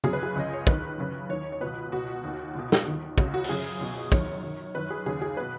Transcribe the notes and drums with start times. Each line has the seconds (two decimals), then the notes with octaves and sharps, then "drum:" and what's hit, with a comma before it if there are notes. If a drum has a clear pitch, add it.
0.04 F#2 C#3 G#4, drum: tom
0.13 B4
0.23 G#4
0.35 C#2 C#3 D#5
0.53 C#5
0.67 D#2 D#3 B4, drum: kick
0.98 F#2 C#3
1.29 D#2 D#3 C#5
1.52 C#5
1.61 C#2 B2 B4
1.92 C#2 B2 F#4
2.24 D#2 D#3
2.55 C#2 B2
2.72 drum: snare
2.86 D#2 D#3
3.18 C#2 C#3 F#4, drum: kick
3.34 F#4
3.44 F#4, drum: open hi-hat
3.49 F#2 C#3 G#4
3.80 C#2 B2
4.12 F#2 D#3 C#5, drum: kick
4.43 F#2 D#3
4.75 F#2 D#3 B4
4.90 G#4
5.06 D#2 C#3 G#4
5.22 G#4
5.37 B2 B4